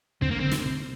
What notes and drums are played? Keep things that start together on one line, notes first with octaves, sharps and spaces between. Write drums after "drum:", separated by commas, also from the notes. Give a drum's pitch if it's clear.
D3 C4, drum: kick
A#3
D3 C4
drum: snare
C3